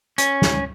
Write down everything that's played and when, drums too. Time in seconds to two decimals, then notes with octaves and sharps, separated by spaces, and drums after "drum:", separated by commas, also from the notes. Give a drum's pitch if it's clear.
0.18 C#4, drum: hi-hat
0.42 drum: snare